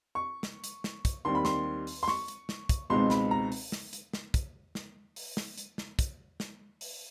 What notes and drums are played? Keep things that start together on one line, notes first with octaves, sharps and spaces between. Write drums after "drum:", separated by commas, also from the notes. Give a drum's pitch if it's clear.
C#6
drum: snare
drum: hi-hat
drum: snare
drum: kick, hi-hat
D#2 D#3 G3 C4 C6
B5
C6, drum: snare
drum: open hi-hat
C6
C#6, drum: snare
drum: hi-hat
drum: snare
drum: kick, hi-hat
C#2 B2 G#3 C4 D#4 C6
B5, drum: snare
A#5
drum: open hi-hat
drum: snare
drum: hi-hat
drum: snare
drum: kick, hi-hat
drum: snare
drum: open hi-hat
drum: snare
drum: hi-hat
drum: snare
drum: kick, hi-hat
drum: snare
drum: open hi-hat